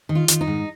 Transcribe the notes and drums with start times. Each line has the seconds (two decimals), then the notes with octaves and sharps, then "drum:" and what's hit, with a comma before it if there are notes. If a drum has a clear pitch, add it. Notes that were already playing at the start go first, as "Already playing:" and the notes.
0.09 D#3
0.15 F4
0.28 D#3, drum: hi-hat
0.41 D#4
0.47 G#2